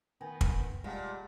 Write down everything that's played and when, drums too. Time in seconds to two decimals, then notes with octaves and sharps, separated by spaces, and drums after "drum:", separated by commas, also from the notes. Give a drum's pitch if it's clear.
0.21 D#3 B3 G5 G#5
0.41 drum: kick
0.84 A#2 G3 G#3 F5 F#5 A5